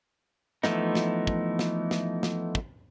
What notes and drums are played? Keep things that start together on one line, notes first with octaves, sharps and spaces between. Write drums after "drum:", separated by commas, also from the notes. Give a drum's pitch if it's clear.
E3 F3 A3 B3 D#4, drum: snare
drum: snare
drum: kick
drum: snare
drum: snare
drum: snare
drum: kick